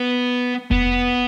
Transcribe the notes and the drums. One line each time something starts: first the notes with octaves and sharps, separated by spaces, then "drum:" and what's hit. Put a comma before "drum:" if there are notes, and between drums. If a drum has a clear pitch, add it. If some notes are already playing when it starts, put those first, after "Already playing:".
Already playing: B3
B3, drum: kick F1